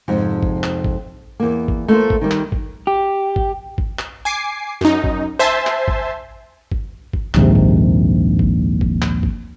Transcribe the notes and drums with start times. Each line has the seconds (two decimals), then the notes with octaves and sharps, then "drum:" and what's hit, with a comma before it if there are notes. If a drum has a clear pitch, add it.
0.08 F2 G#2 C3
0.43 drum: kick G#1
0.64 drum: clap
0.84 drum: kick G#1
1.40 E2 A#3
1.68 drum: kick G#1
1.88 A3 A#3 F4 C5
2.10 drum: kick G#1
2.21 D#3 G3
2.31 drum: clap
2.52 drum: kick G#1
2.87 G4
3.36 drum: kick G#1
3.78 drum: kick G#1
3.99 drum: clap
4.25 G#5 D6 C7
4.81 F#2 D#4
5.04 drum: kick G#1
5.39 C5 E5 G#5 A5 C6
5.67 drum: clap
5.88 drum: kick G#1
6.72 drum: kick G#1
7.13 drum: kick G#1
7.34 A#1 D#2 G#2 C3, drum: clap
7.55 drum: kick G#1
8.39 drum: kick G#1
8.81 drum: kick G#1
9.02 drum: clap
9.23 drum: kick G#1